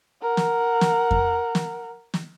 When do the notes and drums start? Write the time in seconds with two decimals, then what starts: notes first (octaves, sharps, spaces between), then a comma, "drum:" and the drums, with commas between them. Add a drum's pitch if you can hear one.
0.23 A#4 F#5
0.37 drum: snare
0.81 drum: snare
1.11 drum: kick F2
1.55 drum: snare
2.14 drum: snare